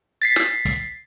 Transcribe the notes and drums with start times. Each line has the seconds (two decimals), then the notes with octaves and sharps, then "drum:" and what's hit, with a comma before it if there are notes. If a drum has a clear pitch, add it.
0.22 A6 B6 C7
0.36 drum: snare
0.65 drum: kick, hi-hat